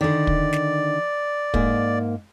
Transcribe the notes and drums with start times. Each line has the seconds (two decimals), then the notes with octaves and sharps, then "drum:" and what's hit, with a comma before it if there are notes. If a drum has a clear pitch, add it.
0.01 D3 D#3 D5
0.27 drum: kick
0.53 drum: snare
1.54 G#2 A#3, drum: kick